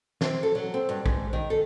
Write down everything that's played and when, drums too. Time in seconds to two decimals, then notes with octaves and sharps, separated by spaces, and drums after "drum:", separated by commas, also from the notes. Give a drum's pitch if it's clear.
0.21 C4, drum: snare
0.43 A4
0.55 F#3
0.74 C4
0.89 G2
1.06 G#2, drum: kick A#1
1.33 D#3
1.50 A4